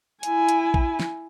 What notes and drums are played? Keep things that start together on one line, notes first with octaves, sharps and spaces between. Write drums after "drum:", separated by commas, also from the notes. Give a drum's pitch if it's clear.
E4 G#5, drum: hi-hat
drum: hi-hat
drum: kick
drum: snare